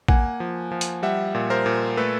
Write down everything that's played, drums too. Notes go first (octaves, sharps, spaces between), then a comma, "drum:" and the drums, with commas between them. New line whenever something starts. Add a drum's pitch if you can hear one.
A#3 F#5 G#5, drum: kick A1
F3
F3
drum: hi-hat
G3 E5 F#5
A#2
A#4 C5
A#2
A3 A4 B4